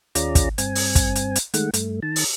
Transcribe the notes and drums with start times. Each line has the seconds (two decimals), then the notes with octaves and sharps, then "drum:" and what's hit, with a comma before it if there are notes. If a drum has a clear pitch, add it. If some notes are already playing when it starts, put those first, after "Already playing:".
0.15 D#2 C#4 F4 G#4 D5 A#5, drum: hi-hat
0.35 drum: kick, hi-hat
0.58 G2 C4 G#5, drum: hi-hat
0.75 drum: open hi-hat
0.95 drum: kick, hi-hat
1.15 drum: hi-hat
1.35 drum: hi-hat
1.54 D#3 G#3 A3 F#5, drum: hi-hat
1.74 G2 A3, drum: hi-hat
2.02 D#3 A5
2.16 drum: open hi-hat